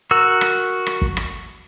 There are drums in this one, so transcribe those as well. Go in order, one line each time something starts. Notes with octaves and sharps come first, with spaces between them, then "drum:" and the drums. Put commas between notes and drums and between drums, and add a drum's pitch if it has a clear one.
F#4 A#4 E6
drum: rim click
drum: rim click
drum: kick
drum: rim click